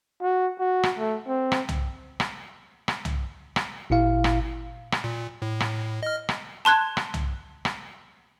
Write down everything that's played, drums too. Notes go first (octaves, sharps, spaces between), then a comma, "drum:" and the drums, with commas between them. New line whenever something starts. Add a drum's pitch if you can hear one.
F#4
F#4
drum: rim click
A3
C4
drum: rim click
drum: tom C2
drum: rim click
drum: rim click
drum: tom C2
drum: rim click
G#1 A#2 E4 F5
drum: rim click
drum: rim click
A#2
A2
drum: rim click
D#5 F6
drum: rim click
A5 C6 F#6 G#6
drum: rim click
drum: tom C2
drum: rim click